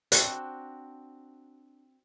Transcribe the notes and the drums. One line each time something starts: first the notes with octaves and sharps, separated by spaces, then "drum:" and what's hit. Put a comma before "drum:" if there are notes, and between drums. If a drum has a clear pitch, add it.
C4 D4 F#4, drum: hi-hat